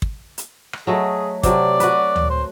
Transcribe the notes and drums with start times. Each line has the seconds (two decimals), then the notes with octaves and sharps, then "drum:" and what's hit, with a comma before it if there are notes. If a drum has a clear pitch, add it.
0.02 drum: kick
0.38 drum: hi-hat
0.73 drum: rim click
0.87 F#3 A3 G#4 D#5
1.43 C3 F#3 A3 D5, drum: kick, hi-hat
1.80 F#4 B4, drum: hi-hat
2.16 drum: tom D2
2.30 C5